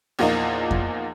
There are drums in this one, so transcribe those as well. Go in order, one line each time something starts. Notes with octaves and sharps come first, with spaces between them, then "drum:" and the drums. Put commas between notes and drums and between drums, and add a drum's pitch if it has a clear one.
E2 A#2 F3 A#3 D#4
drum: kick F2